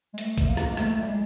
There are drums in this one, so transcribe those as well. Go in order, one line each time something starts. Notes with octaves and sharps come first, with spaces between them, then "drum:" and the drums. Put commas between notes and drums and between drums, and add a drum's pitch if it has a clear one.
G#3
A3, drum: hi-hat
drum: kick, hi-hat
A#3
drum: rim click
G#3
A3, drum: rim click
G3
G#3